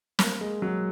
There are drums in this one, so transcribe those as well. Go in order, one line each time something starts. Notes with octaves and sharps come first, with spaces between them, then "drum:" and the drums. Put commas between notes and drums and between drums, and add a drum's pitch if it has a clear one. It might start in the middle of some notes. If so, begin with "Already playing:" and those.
A#3, drum: snare
G#3
F#3